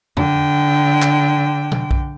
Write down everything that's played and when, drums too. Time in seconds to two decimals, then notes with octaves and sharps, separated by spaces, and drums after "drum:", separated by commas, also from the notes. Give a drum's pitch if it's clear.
0.17 D3 G5, drum: tom E2
1.02 drum: clap
1.72 drum: tom
1.91 drum: kick B1